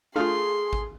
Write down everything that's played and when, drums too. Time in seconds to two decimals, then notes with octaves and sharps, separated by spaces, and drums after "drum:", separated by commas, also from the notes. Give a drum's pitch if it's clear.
0.16 A3 D4 F4 G#4 F5 C6
0.73 drum: kick G#1